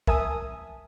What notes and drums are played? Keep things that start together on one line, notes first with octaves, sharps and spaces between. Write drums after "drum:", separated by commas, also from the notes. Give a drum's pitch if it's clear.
A#4 E5 G#5 A5 D#6 E6, drum: kick